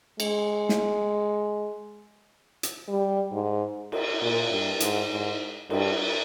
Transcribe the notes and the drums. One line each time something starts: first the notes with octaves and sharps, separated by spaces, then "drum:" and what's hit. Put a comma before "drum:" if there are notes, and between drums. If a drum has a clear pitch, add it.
G#3, drum: cymbal
drum: snare
drum: hi-hat
G3
G#2
drum: cymbal
A#2
G2
G#2, drum: hi-hat
G#2
G2, drum: cymbal